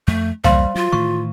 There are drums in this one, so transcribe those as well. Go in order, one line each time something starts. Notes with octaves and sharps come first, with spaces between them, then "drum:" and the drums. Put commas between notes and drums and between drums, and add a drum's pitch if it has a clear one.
F2 A3
E2 G3 A#3 C5 F5 C6, drum: tom
F#3 F4
A2 D#3 E3 C#6